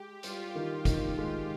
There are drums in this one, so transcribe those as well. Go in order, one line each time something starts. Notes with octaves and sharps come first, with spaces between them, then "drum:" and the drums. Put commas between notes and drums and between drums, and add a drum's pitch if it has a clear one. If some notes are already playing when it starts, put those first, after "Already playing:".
Already playing: G#3 G4
G3 F4, drum: hi-hat
D#3
D#3, drum: kick, hi-hat
G#3